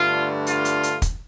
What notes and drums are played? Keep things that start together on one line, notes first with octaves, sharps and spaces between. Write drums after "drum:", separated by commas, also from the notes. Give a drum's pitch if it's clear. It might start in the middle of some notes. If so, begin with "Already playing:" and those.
Already playing: G2 D3 A3 F4
F4, drum: hi-hat
drum: hi-hat
drum: hi-hat
drum: kick, hi-hat